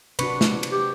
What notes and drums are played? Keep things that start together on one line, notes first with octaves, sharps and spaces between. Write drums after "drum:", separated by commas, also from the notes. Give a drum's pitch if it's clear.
C3 D4 F#4 B4 C#6, drum: cymbal
drum: snare
drum: cymbal
G4